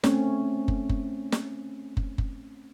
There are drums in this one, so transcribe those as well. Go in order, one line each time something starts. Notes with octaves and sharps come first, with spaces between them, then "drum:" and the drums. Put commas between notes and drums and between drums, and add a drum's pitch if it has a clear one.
A3 C4 C#4 C#5, drum: snare
drum: kick
drum: kick
drum: snare
drum: kick
drum: kick